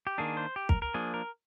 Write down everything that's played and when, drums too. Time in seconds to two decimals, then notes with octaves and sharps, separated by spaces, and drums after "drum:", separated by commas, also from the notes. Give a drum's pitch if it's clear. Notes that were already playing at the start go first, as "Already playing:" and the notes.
0.07 G4
0.18 D#3 A#3 D4 G#4
0.37 C5
0.56 G4
0.69 A#4, drum: kick
0.82 A#4
0.94 F3 A#3 D4 G#4
1.14 A#4